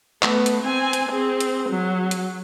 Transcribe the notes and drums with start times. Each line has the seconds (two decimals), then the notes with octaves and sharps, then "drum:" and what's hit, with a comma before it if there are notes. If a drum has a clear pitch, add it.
0.22 A3 B3, drum: clap
0.46 drum: hi-hat
0.62 C4 G#5
0.93 drum: hi-hat
1.09 C4 G#4
1.40 drum: hi-hat
1.69 F#3
2.11 drum: hi-hat